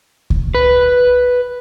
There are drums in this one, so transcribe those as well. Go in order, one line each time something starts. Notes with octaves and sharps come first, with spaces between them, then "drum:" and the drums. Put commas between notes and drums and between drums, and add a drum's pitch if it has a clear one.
drum: kick C#2
B4